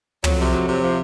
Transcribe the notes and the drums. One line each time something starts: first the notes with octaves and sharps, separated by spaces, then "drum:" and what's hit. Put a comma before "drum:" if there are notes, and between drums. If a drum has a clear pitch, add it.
F2 F#3, drum: tom
C3
F#3
C3
F3